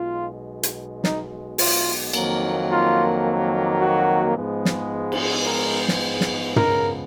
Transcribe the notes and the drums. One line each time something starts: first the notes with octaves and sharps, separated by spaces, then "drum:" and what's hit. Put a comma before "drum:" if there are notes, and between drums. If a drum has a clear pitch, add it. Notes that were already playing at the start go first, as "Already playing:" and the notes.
Already playing: B1 B2 G#3 F4
drum: hi-hat
D#4, drum: snare
F4, drum: open hi-hat
F2 D#3 F#3 A#3, drum: cymbal
F4
F#4
G#2 F3 G#3 B3
drum: snare
drum: cymbal
A#4
drum: snare
drum: snare
C#2 C#3 F3 B3 A#4, drum: tom